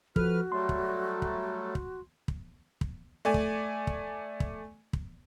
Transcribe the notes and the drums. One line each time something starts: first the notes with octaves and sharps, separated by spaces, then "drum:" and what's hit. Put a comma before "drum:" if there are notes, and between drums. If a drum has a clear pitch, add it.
F3 F#4 A4 B4 F6, drum: kick
F#3 G3 A3 C6
drum: kick
drum: kick
drum: kick
drum: kick
drum: kick
A3 D5 G#5
drum: kick
drum: kick
drum: kick
drum: kick